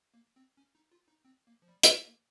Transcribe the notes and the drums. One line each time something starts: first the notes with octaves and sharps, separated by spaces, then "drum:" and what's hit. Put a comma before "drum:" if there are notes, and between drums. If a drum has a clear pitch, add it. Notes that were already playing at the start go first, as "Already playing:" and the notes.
A#3
C4
C#4
D#4
F4
D#4
C4
A#3
F3
G3
drum: hi-hat
A#3